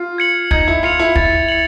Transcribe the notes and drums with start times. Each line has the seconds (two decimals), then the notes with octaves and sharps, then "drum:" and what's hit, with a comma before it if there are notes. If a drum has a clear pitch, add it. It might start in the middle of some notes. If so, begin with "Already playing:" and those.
Already playing: F4
0.18 G#6 C#7 F#7
0.51 D#4 G#6, drum: kick
0.68 E4
0.83 F4 C#7 F7
0.99 E4
1.16 E4 A6, drum: kick
1.48 C#7 F#7